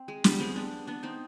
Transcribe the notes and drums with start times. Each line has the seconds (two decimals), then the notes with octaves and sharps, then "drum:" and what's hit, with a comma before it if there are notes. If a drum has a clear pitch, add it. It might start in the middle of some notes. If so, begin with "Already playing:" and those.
Already playing: C4
0.08 G#3
0.24 G3 B3, drum: snare
0.40 G#3 C4
0.56 B3 D4
0.87 B3 D4
1.03 C4 D#4